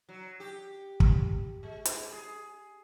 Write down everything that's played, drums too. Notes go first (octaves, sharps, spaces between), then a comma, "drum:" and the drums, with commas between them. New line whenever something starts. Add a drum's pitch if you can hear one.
F#3
G4
drum: kick
G#3
drum: hi-hat
G#4